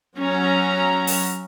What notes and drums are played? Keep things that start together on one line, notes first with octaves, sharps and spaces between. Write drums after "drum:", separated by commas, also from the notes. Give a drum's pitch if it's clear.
F#3 C#4 A#5
drum: open hi-hat